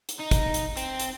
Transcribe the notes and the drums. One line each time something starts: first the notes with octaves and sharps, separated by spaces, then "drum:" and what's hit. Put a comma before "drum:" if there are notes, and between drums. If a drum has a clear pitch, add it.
drum: hi-hat
D#4
drum: kick, hi-hat
drum: hi-hat
C4, drum: hi-hat
drum: hi-hat